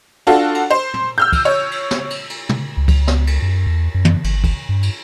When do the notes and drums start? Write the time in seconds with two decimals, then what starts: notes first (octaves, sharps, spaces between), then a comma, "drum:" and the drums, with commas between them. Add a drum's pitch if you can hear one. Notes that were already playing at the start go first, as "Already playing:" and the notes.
0.27 D4 F4 F#4 A4
0.55 drum: cymbal
0.71 C5
0.94 drum: tom
1.18 E6 F6 G6
1.32 drum: kick, cymbal
1.45 C#5
1.71 drum: cymbal
1.91 drum: snare
2.10 drum: cymbal
2.30 drum: cymbal
2.49 drum: tom
2.77 C#2
2.88 drum: kick, cymbal
3.08 drum: snare
3.27 drum: cymbal
3.42 F#2
3.67 E2
3.95 F#2
4.05 drum: tom
4.24 G1, drum: cymbal
4.44 drum: kick, cymbal
4.69 G2
4.83 drum: cymbal